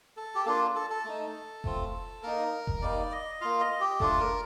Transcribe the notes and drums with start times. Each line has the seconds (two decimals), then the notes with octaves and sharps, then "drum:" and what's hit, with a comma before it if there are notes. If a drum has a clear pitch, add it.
0.17 A4
0.35 G4
0.46 A#3 D4 F4 A4
0.75 A4
0.90 A4
1.05 A3 D#4
1.64 A3 C4 F4, drum: kick F1
2.23 A#3 D#4 A#4
2.67 drum: kick F1
2.82 G3 A#3 D#4 D5
3.12 D#5
3.41 A#3 F4 F5
3.61 D#5
3.80 G4
4.00 A3 D4 F4 A4, drum: kick F1
4.20 A#4